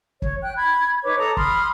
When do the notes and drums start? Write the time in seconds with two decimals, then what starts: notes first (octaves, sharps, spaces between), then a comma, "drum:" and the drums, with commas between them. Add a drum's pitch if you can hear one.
0.22 C#5, drum: kick
0.42 G5 F#6
0.57 B5 G#6
1.04 D#4 B4 C#5 D6
1.19 A4 A#5 D6 D#6
1.37 B5 C6 D#6 F6, drum: kick